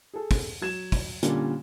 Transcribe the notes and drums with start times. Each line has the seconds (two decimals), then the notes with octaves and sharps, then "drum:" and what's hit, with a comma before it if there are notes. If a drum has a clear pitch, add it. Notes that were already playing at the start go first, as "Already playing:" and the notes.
0.13 G#4 A4
0.31 drum: kick, open hi-hat
0.61 F#3 G#6 E7
0.92 drum: kick, open hi-hat
1.23 A#2 D3 G3 A#3 C#4, drum: hi-hat